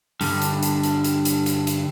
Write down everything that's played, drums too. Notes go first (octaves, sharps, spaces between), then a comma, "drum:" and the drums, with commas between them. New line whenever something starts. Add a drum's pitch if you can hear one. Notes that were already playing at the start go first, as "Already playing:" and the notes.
G2 D3, drum: open hi-hat
drum: hi-hat
drum: hi-hat
drum: hi-hat
drum: hi-hat
drum: hi-hat
drum: hi-hat
drum: hi-hat